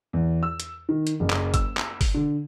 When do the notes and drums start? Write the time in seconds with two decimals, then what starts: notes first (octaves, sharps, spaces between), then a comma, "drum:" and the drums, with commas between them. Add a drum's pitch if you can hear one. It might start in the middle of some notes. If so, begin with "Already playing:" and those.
0.13 E2
0.43 E6
0.60 drum: hi-hat
0.89 D#3
1.07 drum: hi-hat
1.20 F#1
1.30 drum: clap
1.54 E6, drum: kick G1, hi-hat
1.77 drum: clap
2.01 drum: kick G1, open hi-hat
2.14 D3